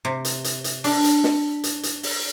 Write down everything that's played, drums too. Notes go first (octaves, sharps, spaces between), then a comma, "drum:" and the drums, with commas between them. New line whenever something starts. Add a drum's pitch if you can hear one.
C3
drum: hi-hat
drum: hi-hat
drum: hi-hat
D4, drum: open hi-hat
drum: hi-hat
drum: snare
drum: hi-hat
drum: hi-hat
drum: open hi-hat